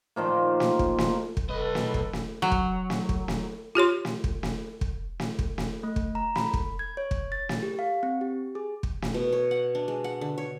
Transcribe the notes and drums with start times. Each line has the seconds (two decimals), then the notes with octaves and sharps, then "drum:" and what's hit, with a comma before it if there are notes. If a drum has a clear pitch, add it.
0.16 A#2 D#3 F3 A#3
0.60 drum: snare
0.79 drum: kick
0.98 drum: snare
1.37 drum: kick
1.49 B1 A4 B4 D#5
1.75 drum: snare
1.94 drum: kick
2.13 drum: snare
2.42 F#3
2.52 drum: kick
2.90 drum: snare
3.09 drum: kick
3.28 drum: snare
3.75 F4 G4 C#5 C6
4.05 drum: snare
4.24 drum: kick
4.43 drum: snare
4.81 drum: kick
5.20 drum: snare
5.39 drum: kick
5.58 drum: snare
5.83 A3
5.96 drum: kick
6.15 A#5
6.36 B5, drum: snare
6.53 drum: kick
6.79 G#6
6.97 C#5
7.11 drum: kick
7.32 A6
7.49 drum: snare
7.63 G4
7.79 F5
8.03 C4
8.21 G4
8.55 G#4
8.83 drum: kick
9.02 drum: snare
9.14 B2
9.32 C#5
9.51 F#5
9.75 D4
9.88 G#3
10.04 F#5
10.21 D3
10.38 C#5